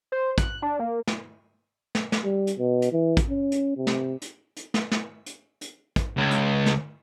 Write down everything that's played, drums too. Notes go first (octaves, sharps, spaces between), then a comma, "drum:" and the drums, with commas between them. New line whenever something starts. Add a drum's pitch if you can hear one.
C5
F#6, drum: kick, hi-hat
D4
A#3
drum: snare
drum: snare
drum: snare
G3
drum: hi-hat
B2
drum: hi-hat
E3
drum: kick, hi-hat
C#4
drum: hi-hat
C3
drum: snare
drum: hi-hat
drum: hi-hat
drum: snare
drum: snare
drum: hi-hat
drum: hi-hat
drum: kick, hi-hat
C#2
drum: hi-hat
drum: snare